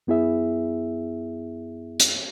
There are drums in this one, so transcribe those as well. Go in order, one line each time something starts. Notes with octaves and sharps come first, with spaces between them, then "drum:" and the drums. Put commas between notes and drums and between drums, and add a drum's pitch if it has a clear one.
F#2 B3 E4 G#4 E5
drum: hi-hat